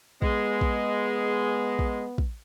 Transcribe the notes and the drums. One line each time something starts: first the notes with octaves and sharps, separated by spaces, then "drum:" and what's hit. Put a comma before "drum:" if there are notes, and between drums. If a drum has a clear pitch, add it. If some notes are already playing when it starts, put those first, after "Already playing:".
G#3 B3, drum: kick
drum: kick
drum: kick
drum: kick